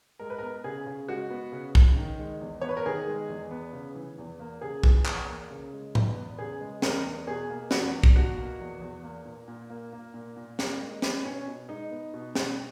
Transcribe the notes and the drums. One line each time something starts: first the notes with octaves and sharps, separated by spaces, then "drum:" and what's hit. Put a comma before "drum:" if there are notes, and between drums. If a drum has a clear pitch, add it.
G#3 A#4
B4
A#4
B3
C#3 G#4
C#3
G#3 F#4
B3
C#3
C#3, drum: kick
D#3
G#3
E2
B3 C#5
B4
A#4
D#3 G#4
G#3
E2
B3
C#3
E3
E2
A#3
C#3 G#4
E3, drum: kick
E2, drum: clap
A#3
C#3
G#3
E2, drum: tom A2
B3
C#3 G#4
G#3
E2 A#4, drum: snare
B3
B2 G#4
A#3
E2 F#4, drum: snare
E2
drum: kick
B2 F#4
A#3
E2
E2
A#3
A#2
A#2
A#3
A#3
A#2
A#2
A#3, drum: snare
G#3
B3, drum: snare
B2 C#4
B2
G#3 D#4
B3
B2
B2, drum: snare